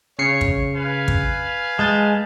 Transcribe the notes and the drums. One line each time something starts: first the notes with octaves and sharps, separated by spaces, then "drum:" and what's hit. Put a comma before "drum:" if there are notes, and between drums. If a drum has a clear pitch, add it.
C#3 C#5 C7 C#7
drum: kick
B4 F5 G#5
drum: kick
G#3 A5 G6 A6